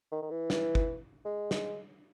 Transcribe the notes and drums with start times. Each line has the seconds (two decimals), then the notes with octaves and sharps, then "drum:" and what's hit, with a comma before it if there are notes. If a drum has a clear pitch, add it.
0.12 D#3
0.22 D#3
0.30 E3
0.50 drum: snare
0.75 drum: kick G1
1.25 G#3
1.51 drum: snare